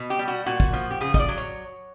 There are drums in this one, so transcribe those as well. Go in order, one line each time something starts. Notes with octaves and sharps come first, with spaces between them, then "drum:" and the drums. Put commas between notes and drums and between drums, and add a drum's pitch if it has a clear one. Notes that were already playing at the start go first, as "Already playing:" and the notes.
Already playing: B2
G4
G3
F#4
A#2 F#4
drum: kick
F3
G4
C#3 G#4
D#5, drum: kick
D5
F#3
C#5